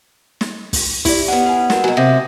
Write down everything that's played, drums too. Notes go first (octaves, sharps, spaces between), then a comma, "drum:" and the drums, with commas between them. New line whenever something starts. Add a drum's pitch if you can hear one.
drum: snare
drum: kick, open hi-hat
E4 G4 D5, drum: kick, open hi-hat
B3 C#4 F#5
B4 G#5
F#4 A#4 F#5, drum: snare
B2 F#3 G#5
C3 D#6 A#6